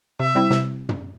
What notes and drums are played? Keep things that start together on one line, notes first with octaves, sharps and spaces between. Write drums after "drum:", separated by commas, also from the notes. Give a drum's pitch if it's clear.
C3 E5
G3 C4 E4
C3, drum: snare
drum: tom